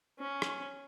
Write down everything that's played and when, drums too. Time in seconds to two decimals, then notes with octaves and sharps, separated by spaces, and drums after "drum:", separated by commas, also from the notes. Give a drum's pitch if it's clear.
0.19 C#4
0.42 drum: rim click